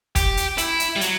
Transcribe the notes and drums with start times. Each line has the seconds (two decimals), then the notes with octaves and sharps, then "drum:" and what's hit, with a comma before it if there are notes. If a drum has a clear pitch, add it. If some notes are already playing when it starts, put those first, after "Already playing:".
0.15 G4, drum: kick, hi-hat
0.37 drum: hi-hat
0.58 E4, drum: hi-hat
0.80 drum: hi-hat
0.96 G3
1.01 F#3, drum: hi-hat